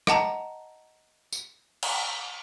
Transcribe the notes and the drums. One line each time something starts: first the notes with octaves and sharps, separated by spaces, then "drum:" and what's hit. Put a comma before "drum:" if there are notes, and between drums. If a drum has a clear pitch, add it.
D#5 F#5 A5 A#5, drum: rim click
drum: tambourine
drum: cymbal